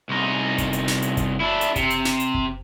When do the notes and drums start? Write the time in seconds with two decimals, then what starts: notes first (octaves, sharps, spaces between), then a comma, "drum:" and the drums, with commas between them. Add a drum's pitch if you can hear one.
0.09 C2 D#4
0.58 drum: kick F#1, hi-hat
0.73 drum: hi-hat
0.88 drum: snare
1.02 drum: hi-hat
1.17 drum: kick F#1, hi-hat
1.40 D4 E4
1.61 drum: hi-hat
1.76 C3, drum: kick F#1, hi-hat
1.90 drum: hi-hat
2.05 drum: snare
2.20 drum: hi-hat
2.34 drum: kick F#1